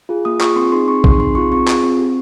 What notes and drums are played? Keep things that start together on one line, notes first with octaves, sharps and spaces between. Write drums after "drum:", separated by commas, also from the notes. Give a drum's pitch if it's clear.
F4 G#4
A#3 D#6
F4 G#4 C#6, drum: clap
C4 C6
D#4 G#4 C6
C4 C#6
D#4 G#4 C6, drum: kick A#1
C4 C6
F4 G#4 C#6
C4 C#6
F4 G#4, drum: clap
C4
G4